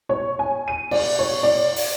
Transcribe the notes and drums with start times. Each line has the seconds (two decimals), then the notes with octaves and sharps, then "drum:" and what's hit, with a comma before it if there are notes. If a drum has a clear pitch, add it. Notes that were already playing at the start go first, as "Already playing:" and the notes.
0.09 C#5
0.39 G#5
0.68 D#7
0.91 D5, drum: cymbal
1.19 C#5
1.43 D5
1.76 drum: open hi-hat